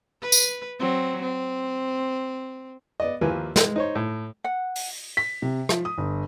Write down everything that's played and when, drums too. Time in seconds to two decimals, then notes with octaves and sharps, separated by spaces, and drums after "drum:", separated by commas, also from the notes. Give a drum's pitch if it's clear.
0.22 B4
0.32 drum: tambourine
0.79 F#3 C4
1.22 C4
3.00 B3 D5 D#5
3.21 D#2 F3 A#3 E4 B4 G#5
3.56 E3 G#3, drum: snare
3.76 D#4 C5 C#5
3.95 A2
4.44 F#5
4.76 drum: open hi-hat
5.17 B6
5.42 C3
5.69 F3, drum: rim click
5.85 D#6
5.98 G1